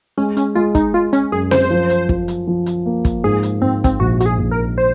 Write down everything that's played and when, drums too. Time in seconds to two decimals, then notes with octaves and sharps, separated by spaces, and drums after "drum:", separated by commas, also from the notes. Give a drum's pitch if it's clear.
0.17 G#3 C#4
0.37 C#4, drum: hi-hat
0.55 G#3 F4
0.75 D#4, drum: kick, hi-hat
0.94 G#3 F4
1.13 C#4, drum: hi-hat
1.32 F#2 G#4
1.51 C5, drum: snare C4
1.70 F3
1.90 drum: hi-hat
2.09 F3, drum: kick
2.28 drum: hi-hat
2.47 F3
2.66 drum: hi-hat
2.86 A#3
3.05 drum: kick, hi-hat
3.24 G#2 G#4
3.43 drum: hi-hat
3.62 G#2 C4
3.84 C4, drum: kick, hi-hat
4.00 A#1 F#4
4.20 F#4, drum: hi-hat
4.26 G#4
4.38 A#1
4.51 A#4
4.78 C5